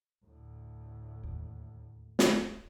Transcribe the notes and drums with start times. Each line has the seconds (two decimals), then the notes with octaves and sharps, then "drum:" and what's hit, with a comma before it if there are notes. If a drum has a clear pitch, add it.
0.25 D2 A2
1.23 D#2
2.19 drum: snare